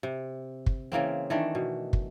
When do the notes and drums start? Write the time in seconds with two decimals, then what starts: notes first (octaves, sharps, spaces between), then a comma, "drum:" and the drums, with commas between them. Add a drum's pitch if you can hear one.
0.03 C3
0.66 drum: kick
0.92 C#3 E3 A#3 C4
1.30 D#3 E3 A3 D4
1.55 B2
1.93 drum: kick